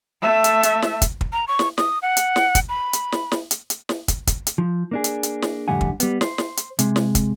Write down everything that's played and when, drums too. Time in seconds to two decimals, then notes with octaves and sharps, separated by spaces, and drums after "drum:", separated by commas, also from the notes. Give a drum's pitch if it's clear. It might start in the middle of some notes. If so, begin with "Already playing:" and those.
0.22 A3 E5
0.44 drum: hi-hat
0.63 drum: hi-hat
0.82 drum: snare
1.02 drum: kick, hi-hat
1.21 drum: kick
1.33 A#5
1.48 C#6
1.59 drum: snare
1.78 D#6, drum: snare
2.02 F#5
2.17 drum: hi-hat
2.36 drum: snare
2.55 drum: kick, hi-hat
2.69 B5
2.93 drum: hi-hat
3.12 drum: snare
3.32 drum: snare
3.51 drum: hi-hat
3.70 drum: hi-hat
3.89 drum: snare
4.08 drum: kick, hi-hat
4.27 drum: kick, hi-hat
4.47 drum: hi-hat
4.58 F3
4.91 A#3 D4 G#4
5.04 drum: hi-hat
5.23 drum: hi-hat
5.42 drum: snare
5.68 F2 A2 D3 G3 F#5 G#5
5.81 drum: kick
6.00 G3 B3, drum: hi-hat
6.21 C5, drum: snare
6.38 drum: snare
6.57 drum: hi-hat
6.79 C3 G#3, drum: hi-hat
6.96 drum: snare
7.15 drum: kick, hi-hat